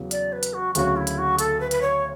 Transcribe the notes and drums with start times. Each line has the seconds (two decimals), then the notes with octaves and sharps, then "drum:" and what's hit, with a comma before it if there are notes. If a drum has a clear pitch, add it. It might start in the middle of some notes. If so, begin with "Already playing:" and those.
Already playing: E2 C#3 F#3
0.11 D5, drum: hi-hat
0.33 B4
0.43 drum: hi-hat
0.54 F#4
0.75 D2 C#3 F#3 C#4 F#4, drum: hi-hat
0.96 E4
1.07 drum: hi-hat
1.18 F#4
1.39 A4, drum: hi-hat
1.60 B4
1.71 B4, drum: hi-hat
1.82 C#5